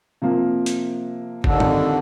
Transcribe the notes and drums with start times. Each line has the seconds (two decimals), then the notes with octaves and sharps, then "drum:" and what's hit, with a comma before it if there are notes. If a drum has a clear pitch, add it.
0.22 C3 F3 A#3
0.66 drum: hi-hat
1.44 D#2 D3, drum: kick F#1
1.60 F2, drum: tom